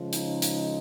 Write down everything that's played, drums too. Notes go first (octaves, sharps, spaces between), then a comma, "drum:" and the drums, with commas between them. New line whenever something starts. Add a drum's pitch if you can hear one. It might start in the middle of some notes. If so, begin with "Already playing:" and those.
Already playing: C#3 F3 G#3
D#4, drum: hi-hat
drum: hi-hat